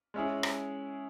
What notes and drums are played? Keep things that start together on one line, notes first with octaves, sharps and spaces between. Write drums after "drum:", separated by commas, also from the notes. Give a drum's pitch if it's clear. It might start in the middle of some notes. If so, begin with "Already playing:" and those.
G#3 C#4 E4 G#4
drum: rim click